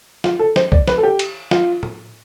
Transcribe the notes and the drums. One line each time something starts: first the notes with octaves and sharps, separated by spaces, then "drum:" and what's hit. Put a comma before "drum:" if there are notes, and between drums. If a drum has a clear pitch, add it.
F4, drum: snare
A4
C5, drum: snare
D5, drum: kick C2
B4, drum: snare
A4
G4
drum: cymbal
F4, drum: snare
drum: tom A2